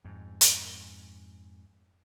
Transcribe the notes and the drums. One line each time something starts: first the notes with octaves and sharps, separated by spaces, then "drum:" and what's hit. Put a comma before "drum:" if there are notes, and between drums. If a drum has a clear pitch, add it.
F2 G#2
drum: hi-hat